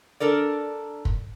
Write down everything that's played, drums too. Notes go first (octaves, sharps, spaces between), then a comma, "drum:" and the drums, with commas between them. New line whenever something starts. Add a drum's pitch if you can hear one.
D4 A4 A#4 D5
drum: kick